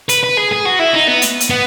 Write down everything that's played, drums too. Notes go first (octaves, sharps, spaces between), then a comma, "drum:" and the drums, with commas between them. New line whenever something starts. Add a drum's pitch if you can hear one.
B4, drum: hi-hat
B4
G#4
G#4
F#4
E4
D#4
B3
drum: hi-hat
drum: hi-hat
B3